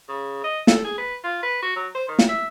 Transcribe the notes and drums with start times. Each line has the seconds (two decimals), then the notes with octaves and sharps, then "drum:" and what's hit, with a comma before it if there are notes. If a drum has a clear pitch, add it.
0.09 C#3
0.44 D#5
0.67 A4, drum: snare
0.85 G#4
0.98 B4
1.24 F4
1.43 B4
1.62 F#4
1.76 F#3
1.95 C5
2.08 D#3
2.19 drum: snare
2.29 E5